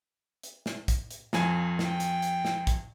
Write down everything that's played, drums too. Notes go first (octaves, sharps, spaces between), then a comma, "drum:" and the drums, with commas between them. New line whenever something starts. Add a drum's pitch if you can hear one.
drum: hi-hat
drum: snare
drum: kick, hi-hat
drum: hi-hat
F2 F3 G#5, drum: snare
G5, drum: snare
drum: hi-hat
drum: hi-hat
drum: snare
drum: kick, hi-hat